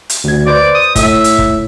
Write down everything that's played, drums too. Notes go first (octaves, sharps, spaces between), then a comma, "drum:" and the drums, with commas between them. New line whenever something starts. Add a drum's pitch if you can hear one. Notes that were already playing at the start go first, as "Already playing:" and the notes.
drum: hi-hat
D2 G#6
B4 C5 D5 D6
D#6
A2 E5, drum: kick, hi-hat
drum: hi-hat
drum: kick